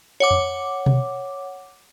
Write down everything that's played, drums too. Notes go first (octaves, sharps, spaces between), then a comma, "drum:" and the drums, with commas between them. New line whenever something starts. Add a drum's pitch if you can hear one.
C#5 F#5 D6
drum: tom F2
drum: tom B2